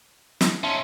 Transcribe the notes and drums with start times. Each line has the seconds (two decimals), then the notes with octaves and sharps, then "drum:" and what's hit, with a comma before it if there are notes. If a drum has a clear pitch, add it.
0.41 drum: snare
0.64 C#4 D#4 E5 A5 C6